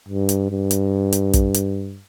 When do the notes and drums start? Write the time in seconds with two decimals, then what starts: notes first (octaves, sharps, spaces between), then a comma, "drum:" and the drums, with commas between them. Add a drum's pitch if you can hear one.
0.09 G2
0.29 drum: hi-hat
0.50 G2
0.71 drum: hi-hat
1.13 drum: hi-hat
1.34 drum: kick, hi-hat
1.55 drum: hi-hat